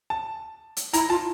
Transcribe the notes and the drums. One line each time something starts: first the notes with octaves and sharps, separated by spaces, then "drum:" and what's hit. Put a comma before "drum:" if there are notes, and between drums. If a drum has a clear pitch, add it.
A5
drum: hi-hat
E4 A#5, drum: hi-hat
F4 A5